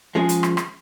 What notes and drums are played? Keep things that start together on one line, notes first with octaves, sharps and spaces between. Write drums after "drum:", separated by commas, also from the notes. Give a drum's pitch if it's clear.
F3 G#3 C#4 G#4
drum: hi-hat
drum: rim click
drum: rim click